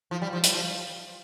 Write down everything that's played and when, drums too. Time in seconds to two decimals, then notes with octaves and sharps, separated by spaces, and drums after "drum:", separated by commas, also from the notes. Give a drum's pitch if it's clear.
0.11 F3
0.22 G3
0.33 F3
0.44 G3, drum: hi-hat
0.54 F3